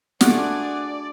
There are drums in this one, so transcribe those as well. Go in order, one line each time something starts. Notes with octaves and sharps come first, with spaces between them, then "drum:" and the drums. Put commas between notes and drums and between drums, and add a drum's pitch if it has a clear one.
A3 D4 F4 F#4 G#4 D5 F#5, drum: snare